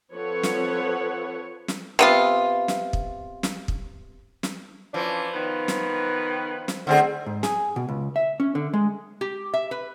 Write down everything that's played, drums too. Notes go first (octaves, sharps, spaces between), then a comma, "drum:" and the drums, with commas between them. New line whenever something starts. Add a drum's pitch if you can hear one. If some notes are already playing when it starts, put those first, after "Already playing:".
F3 C4 A4 B4 C#5 F#5
drum: snare
drum: snare
C3 B3 F4
drum: snare
drum: kick
drum: snare
drum: kick
drum: snare
E3 F3 C#4 D4
D#3 B3 B4
drum: snare
drum: snare
A2 D3 C4 G#4
G#2
G#4, drum: snare
B2
C#2
E5
C#4
D3
G#3
G4
E5
B4